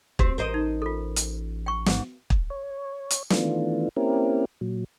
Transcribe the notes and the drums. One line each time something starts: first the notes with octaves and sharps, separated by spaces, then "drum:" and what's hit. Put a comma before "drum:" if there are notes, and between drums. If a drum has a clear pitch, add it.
D2 C4 F#4 G4, drum: kick
A1 A#4 C5 D#5
D#4
F4 A4
drum: hi-hat
G5 C#6
G#2, drum: snare
drum: kick
C#5
drum: hi-hat
D#3 E3 A3 B3 D4 F4, drum: snare
A#3 C4 C#4 E4 G4 A#4
A#2 F#3